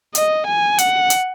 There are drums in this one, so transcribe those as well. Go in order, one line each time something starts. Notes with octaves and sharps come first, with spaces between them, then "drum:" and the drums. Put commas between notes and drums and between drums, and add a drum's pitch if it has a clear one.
D#5, drum: hi-hat
G#5
F#5, drum: hi-hat
drum: hi-hat